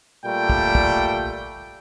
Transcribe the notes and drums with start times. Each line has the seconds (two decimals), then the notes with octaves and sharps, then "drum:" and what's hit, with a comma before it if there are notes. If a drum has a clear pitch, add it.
0.24 A#2 G3 A3 G5
0.50 drum: kick
0.75 drum: kick